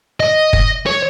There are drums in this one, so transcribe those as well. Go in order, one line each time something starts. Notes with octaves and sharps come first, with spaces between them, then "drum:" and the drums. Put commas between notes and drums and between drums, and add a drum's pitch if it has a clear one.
D#5
drum: kick
C#5